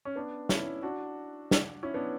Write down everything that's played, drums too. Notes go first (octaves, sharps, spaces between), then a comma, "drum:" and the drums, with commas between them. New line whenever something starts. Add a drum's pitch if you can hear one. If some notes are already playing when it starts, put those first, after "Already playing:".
C#4
B3 D4
C#4 E4, drum: snare
D4 F#4
drum: snare
C#4 E4
B3 D4